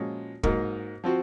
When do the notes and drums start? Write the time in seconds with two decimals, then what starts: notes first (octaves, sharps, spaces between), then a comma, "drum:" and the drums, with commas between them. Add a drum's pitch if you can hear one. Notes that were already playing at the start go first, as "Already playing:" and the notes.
Already playing: A#2 F3 G#3 C#4 F#4
0.43 G#2 F#3 A#3 D#4 A#4, drum: kick
1.04 F3 C4 F#4